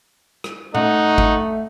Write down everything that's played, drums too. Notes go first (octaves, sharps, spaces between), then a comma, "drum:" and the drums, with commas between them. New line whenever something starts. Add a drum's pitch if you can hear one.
drum: rim click
A3 D#4 F#5, drum: tom A#2
drum: kick